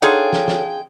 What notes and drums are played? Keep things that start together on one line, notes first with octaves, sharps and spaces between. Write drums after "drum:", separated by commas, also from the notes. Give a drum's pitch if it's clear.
D4 D#4 F4 G#4 A4 C#5 F#5 G5
drum: snare
drum: snare